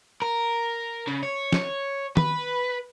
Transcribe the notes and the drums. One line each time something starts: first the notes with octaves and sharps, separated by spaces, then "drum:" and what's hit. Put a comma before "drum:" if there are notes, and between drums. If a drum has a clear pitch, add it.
A#4
C#3
C#5
drum: snare
B4, drum: tom D#3